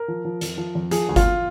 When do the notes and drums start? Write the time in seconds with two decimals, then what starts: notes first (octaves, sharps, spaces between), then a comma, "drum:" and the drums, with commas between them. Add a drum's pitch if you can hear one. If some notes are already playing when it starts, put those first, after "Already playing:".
Already playing: A#4
0.08 F3
0.25 F3
0.41 F2, drum: hi-hat
0.58 F3
0.75 F2
0.91 F3 G#4, drum: hi-hat
1.09 D2
1.16 F4, drum: kick G1, hi-hat